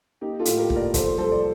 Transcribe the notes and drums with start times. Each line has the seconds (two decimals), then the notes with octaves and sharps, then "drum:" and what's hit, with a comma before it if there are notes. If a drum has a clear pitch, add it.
0.21 A#3 D#4 G4
0.40 F4 A4
0.45 A2, drum: hi-hat
0.57 G4 A#4
0.70 A#3, drum: kick
0.76 A#4 D5
0.94 F3 A4 C5, drum: kick, hi-hat
1.18 C2 A4 C5
1.32 D5